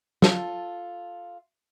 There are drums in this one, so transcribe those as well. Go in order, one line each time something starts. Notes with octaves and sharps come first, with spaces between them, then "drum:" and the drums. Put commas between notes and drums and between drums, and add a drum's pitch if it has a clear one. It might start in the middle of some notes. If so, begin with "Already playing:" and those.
F4 A4, drum: snare